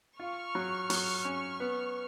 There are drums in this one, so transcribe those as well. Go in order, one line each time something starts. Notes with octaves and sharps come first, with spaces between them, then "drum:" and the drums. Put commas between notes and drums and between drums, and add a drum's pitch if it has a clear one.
F4 C#6 F6
F#3
F#3, drum: open hi-hat
C#4
B3